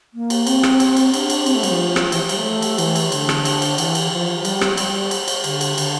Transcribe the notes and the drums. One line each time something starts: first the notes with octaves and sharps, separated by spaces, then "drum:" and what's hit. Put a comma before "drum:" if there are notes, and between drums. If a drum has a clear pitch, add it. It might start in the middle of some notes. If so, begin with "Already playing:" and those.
A#3
drum: cymbal
C4, drum: cymbal
drum: rim click
drum: cymbal
drum: cymbal
D4, drum: cymbal
drum: cymbal
C4, drum: cymbal
A3
G3, drum: cymbal
F3
drum: rim click
E3, drum: cymbal
G3, drum: cymbal
A3
drum: cymbal
E3, drum: cymbal
drum: cymbal
D3, drum: cymbal
drum: rim click
drum: cymbal
drum: cymbal
E3, drum: cymbal
drum: cymbal
F3
F3
G3, drum: cymbal
drum: rim click
G3, drum: cymbal
drum: cymbal
drum: cymbal
D3, drum: cymbal
drum: cymbal
D3, drum: cymbal